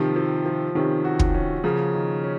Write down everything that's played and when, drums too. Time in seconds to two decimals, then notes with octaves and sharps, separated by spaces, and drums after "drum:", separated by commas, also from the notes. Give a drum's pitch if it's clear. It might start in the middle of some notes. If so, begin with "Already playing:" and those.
Already playing: C3 D#3 F3
0.16 F3
0.46 F3
0.75 C3 D#3 C#4
1.05 F#4
1.19 drum: kick
1.34 C#4
1.64 C#3 F3 A#3
1.94 D#3
2.24 C#4